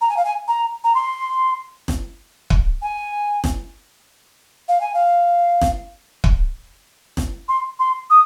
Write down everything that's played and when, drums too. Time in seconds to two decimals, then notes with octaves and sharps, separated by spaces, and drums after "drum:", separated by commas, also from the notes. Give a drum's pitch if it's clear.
0.01 A#5
0.09 G#5
0.17 F5
0.25 G#5
0.48 A#5
0.84 A#5
0.95 C6
1.88 drum: snare
2.50 drum: kick
2.82 G#5
3.44 drum: snare
4.68 F5
4.81 G#5
4.94 F5
5.61 drum: snare
6.24 drum: kick
7.17 drum: snare
7.49 C6
7.79 C6
8.10 D#6